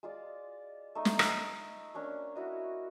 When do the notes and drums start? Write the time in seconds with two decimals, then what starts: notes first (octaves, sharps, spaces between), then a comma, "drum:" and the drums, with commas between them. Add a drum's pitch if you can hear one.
0.03 G#3 F4 D5
0.95 A3 D#4 D#5
1.05 drum: snare
1.19 drum: rim click
1.95 A#3 C#4 D4 C#5
2.36 E4 F#4 D#5